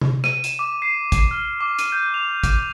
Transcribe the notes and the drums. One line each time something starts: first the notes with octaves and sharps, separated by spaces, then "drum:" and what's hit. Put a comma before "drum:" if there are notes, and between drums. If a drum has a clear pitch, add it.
drum: tom C3
D#7, drum: rim click
E7, drum: hi-hat
D6
C7
C7, drum: kick, hi-hat
F6
D6
D#7, drum: hi-hat
G6
F7
D6, drum: kick, hi-hat